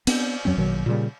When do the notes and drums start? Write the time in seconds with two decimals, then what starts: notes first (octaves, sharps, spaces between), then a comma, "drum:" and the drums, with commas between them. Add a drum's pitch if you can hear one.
0.07 B3 C4 D4, drum: cymbal
0.45 F2 F#3 C4 C#4
0.57 A#1 B2 D#3 F#3
0.86 A#2 C#3 G3